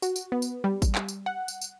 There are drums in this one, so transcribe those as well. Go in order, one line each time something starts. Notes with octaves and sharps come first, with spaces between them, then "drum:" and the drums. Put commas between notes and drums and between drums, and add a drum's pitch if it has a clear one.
F#4, drum: tambourine
drum: tambourine
B3
drum: tambourine
G3
drum: kick G#1, tambourine
drum: clap
drum: tambourine
F#5
drum: tambourine
drum: tambourine